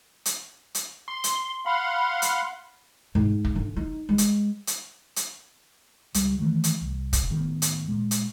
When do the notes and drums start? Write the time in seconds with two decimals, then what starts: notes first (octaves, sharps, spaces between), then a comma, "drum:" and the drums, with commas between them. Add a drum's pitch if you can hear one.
0.25 drum: hi-hat
0.75 drum: hi-hat
1.08 C6
1.24 drum: hi-hat
1.66 F5 F#5 B5 C6
2.22 drum: hi-hat
3.15 G#2
3.45 drum: kick
3.56 D3
3.76 D#4
4.09 G#3
4.18 drum: hi-hat
4.67 drum: hi-hat
5.16 drum: hi-hat
6.14 C#2 G3, drum: hi-hat
6.39 D#3 E3 A3
6.64 drum: hi-hat
6.81 C2
7.13 drum: kick, hi-hat
7.29 D1 A2 D#3 B3
7.62 drum: hi-hat
7.88 A#2 G#3
8.11 drum: hi-hat